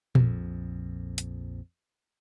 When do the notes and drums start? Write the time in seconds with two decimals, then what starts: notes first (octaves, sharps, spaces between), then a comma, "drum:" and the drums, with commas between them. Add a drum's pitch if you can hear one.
0.15 A#1 F2, drum: tom A#2
1.18 drum: hi-hat